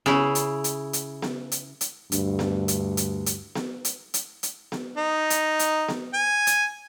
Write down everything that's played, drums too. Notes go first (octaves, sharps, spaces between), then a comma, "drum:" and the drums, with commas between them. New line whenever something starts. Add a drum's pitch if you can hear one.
C#3 E4, drum: snare B3
drum: hi-hat
drum: hi-hat
drum: hi-hat
drum: snare B3
drum: hi-hat
drum: hi-hat
D2 G2, drum: hi-hat
drum: snare B3
drum: hi-hat
drum: hi-hat
drum: hi-hat
drum: snare B3
drum: hi-hat
drum: hi-hat
drum: hi-hat
drum: snare B3
D#4
drum: hi-hat
drum: hi-hat
drum: snare B3
G#5
drum: hi-hat